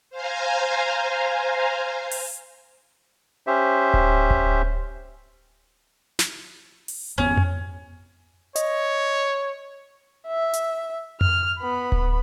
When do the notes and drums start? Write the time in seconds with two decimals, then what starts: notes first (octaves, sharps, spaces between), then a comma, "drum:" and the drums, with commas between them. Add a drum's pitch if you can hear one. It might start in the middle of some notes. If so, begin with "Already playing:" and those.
0.10 C5 F5 G#5 A#5
2.11 drum: open hi-hat
3.47 C#4 G4 C5 E5
3.94 drum: kick D1
4.30 drum: kick D1
6.19 drum: snare
6.88 drum: open hi-hat
7.18 G#1 F2 B3 C#4
7.37 drum: tom F2
8.56 C#5 D#5, drum: hi-hat
10.28 E5
10.53 drum: hi-hat
11.21 F6, drum: tom F2
11.59 B3 B5
11.92 drum: kick D1